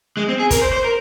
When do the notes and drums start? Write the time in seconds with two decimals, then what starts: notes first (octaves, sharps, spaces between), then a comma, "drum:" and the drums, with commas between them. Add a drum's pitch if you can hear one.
0.17 G#3
0.28 C4
0.40 G#4
0.51 A#4, drum: kick, hi-hat
0.62 C5
0.73 C5
0.84 A#4